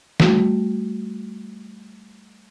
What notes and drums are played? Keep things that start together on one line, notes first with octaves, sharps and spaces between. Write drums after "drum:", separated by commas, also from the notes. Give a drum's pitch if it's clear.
G3 A3 F#4, drum: snare